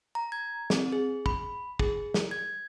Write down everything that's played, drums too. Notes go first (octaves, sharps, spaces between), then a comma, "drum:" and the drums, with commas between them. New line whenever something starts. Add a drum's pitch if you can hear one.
A#5
G#6
C4, drum: snare
G#4
B5, drum: kick
G#4, drum: kick
drum: snare
G#6